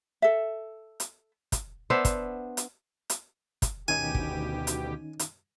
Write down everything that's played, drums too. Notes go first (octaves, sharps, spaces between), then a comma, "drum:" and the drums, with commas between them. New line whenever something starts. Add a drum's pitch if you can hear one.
A4 E5
drum: hi-hat
drum: kick, hi-hat
B3 D4 C5 E5
drum: kick, hi-hat
drum: hi-hat
drum: hi-hat
drum: kick, hi-hat
D2 B2 D#3 C#4 D#4 G4 G#5
drum: kick
drum: hi-hat
drum: hi-hat